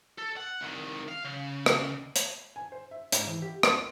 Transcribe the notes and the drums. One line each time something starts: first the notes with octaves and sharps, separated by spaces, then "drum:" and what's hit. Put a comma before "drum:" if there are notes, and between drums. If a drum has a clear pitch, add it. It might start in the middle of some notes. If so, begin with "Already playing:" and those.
A4
F#5
C2 D#3
F5
C#3
drum: rim click
drum: hi-hat
G#5
C5
E5
G#2, drum: hi-hat
E3
G4
C6, drum: rim click